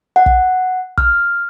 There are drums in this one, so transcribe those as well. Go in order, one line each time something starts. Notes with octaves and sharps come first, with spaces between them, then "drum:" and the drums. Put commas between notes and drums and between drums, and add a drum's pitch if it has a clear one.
F#5
drum: kick
F6, drum: kick